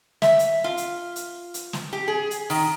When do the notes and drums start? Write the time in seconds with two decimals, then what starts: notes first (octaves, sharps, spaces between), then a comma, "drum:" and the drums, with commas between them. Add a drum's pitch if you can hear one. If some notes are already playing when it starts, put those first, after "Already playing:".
0.22 E5, drum: snare
0.39 drum: hi-hat
0.64 F4
0.77 drum: hi-hat
1.16 drum: hi-hat
1.54 drum: hi-hat
1.73 drum: snare
1.93 G4
2.08 G#4
2.31 drum: hi-hat
2.50 D#3, drum: open hi-hat